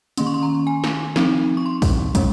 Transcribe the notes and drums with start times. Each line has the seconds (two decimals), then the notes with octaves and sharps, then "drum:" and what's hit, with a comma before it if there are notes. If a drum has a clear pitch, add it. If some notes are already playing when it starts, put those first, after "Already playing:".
0.17 D#3 A#3 C#4 C6, drum: hi-hat
0.27 C#6
0.34 C6
0.43 A#5
0.67 G#5
0.84 drum: snare
1.16 F3 C4 D#4, drum: snare
1.57 C#6
1.66 C6
1.82 drum: kick, open hi-hat
2.15 G#3 C#4, drum: kick, hi-hat